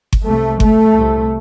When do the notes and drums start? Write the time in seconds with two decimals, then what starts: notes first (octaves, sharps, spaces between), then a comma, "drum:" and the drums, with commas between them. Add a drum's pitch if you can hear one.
0.13 drum: kick G1
0.24 C2 C3 A3
0.60 A3, drum: kick G1
0.94 C2 C3